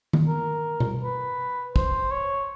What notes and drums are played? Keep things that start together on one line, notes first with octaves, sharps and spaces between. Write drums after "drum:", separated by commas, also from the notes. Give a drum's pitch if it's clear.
drum: tom D#3
A#4
drum: tom B2
B4
C5, drum: kick
C#5